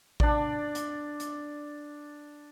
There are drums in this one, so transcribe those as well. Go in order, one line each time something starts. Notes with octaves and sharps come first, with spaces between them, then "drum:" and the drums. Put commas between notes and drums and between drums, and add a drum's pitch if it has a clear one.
D4 D5, drum: kick A1
drum: hi-hat
drum: hi-hat